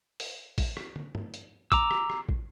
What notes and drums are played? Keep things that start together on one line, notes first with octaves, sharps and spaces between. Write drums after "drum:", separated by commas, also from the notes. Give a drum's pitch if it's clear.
drum: open hi-hat
drum: kick, open hi-hat
drum: rim click
drum: tom
drum: tom
drum: hi-hat
A#5 D6 E6, drum: kick, hi-hat
drum: rim click
drum: rim click
drum: kick